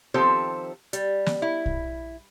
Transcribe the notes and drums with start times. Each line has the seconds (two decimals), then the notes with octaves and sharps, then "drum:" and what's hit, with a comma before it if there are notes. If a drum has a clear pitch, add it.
0.14 D#3 F3 C4 G4 A4 C5
0.93 G3, drum: hi-hat
1.26 drum: snare
1.42 E4
1.66 drum: kick